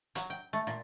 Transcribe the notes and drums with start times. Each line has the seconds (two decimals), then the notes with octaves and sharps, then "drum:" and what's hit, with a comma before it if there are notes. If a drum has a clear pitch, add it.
0.15 F#3, drum: hi-hat
0.30 G5
0.53 A3
0.67 A#2